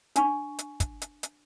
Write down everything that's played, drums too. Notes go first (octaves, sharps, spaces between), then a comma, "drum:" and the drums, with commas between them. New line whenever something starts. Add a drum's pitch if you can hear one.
D4 G#5 C#6, drum: hi-hat
drum: hi-hat
drum: kick, hi-hat
drum: hi-hat
drum: hi-hat